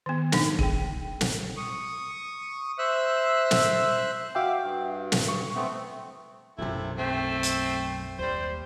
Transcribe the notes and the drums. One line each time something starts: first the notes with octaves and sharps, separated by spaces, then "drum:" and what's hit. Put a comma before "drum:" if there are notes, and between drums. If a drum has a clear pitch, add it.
D#3 B3
D4 D#4, drum: snare
G#4 G5, drum: kick
drum: snare
C#6 D#6
C5 E5 E6 F#6
drum: snare
F#4 E5 F5 G5 D6
G2
drum: snare
C#6
A3 B3 C4
B1 F#2 C3 A3 E4
A3 C4
drum: hi-hat
D#2 G3 C5